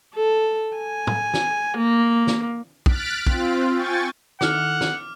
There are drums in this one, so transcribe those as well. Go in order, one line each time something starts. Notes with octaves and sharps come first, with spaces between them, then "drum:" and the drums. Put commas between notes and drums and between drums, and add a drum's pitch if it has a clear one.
A4
G#5
drum: tom
drum: snare
A#3
drum: snare
F6 F#6 A6 B6 D7, drum: kick
C4 F4, drum: kick
G5 G#5 C#6 A6
D#3 E4 A4 F#5 D6 F6, drum: snare
drum: snare